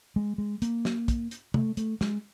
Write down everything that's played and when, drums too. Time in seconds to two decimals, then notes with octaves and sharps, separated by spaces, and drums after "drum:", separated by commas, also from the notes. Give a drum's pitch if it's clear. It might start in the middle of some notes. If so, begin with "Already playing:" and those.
0.16 G#3
0.38 G#3
0.62 A#3, drum: hi-hat
0.85 drum: snare
1.08 drum: kick, hi-hat
1.31 drum: hi-hat
1.54 A3, drum: tom
1.77 A3, drum: hi-hat
2.01 G#3, drum: snare